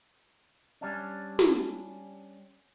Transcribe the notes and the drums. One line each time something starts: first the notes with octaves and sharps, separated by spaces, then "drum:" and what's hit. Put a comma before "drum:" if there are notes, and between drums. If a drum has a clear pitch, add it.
G3 C#4 D4
drum: snare